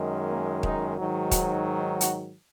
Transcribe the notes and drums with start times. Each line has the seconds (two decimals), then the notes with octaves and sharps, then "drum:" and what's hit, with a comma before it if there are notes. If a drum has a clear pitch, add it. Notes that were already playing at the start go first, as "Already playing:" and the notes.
Already playing: F#2 D#3 G#3
0.29 A#3
0.63 D#4, drum: kick D#1
0.98 G#2 D#3 F#3
1.31 F#4, drum: kick D#1, hi-hat
2.01 F#4, drum: hi-hat